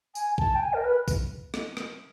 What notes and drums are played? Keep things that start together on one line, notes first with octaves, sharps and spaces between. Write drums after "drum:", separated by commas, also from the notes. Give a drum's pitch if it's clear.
G#5, drum: tambourine
A5, drum: kick
G5
G#5
A#4
B4
drum: kick, tambourine
drum: rim click
drum: rim click